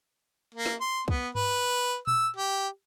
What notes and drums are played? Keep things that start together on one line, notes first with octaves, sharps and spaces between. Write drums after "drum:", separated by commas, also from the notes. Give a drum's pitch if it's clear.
A#3
drum: snare
C6
B3, drum: kick
B4, drum: tom G2
E6, drum: tom A#2
G4